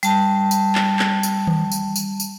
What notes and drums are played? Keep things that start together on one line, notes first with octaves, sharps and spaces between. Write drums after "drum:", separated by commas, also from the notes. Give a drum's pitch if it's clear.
G3 A5, drum: tambourine
drum: tambourine
drum: clap
drum: clap
drum: tambourine
drum: tom D#3
drum: tambourine
drum: tambourine
drum: tambourine